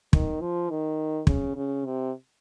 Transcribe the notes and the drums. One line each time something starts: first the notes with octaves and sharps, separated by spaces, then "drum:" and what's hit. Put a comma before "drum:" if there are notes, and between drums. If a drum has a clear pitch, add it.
D#3, drum: kick
F3
D#3
C#3, drum: kick
C#3
C3